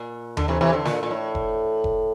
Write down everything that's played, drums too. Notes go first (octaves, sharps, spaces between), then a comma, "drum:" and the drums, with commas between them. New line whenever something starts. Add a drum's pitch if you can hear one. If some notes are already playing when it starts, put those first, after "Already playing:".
Already playing: A#2
D3, drum: tom D#2
C3 E3
C3 E3
D3
A#2, drum: snare
A#2
A2
drum: kick F1
drum: kick F1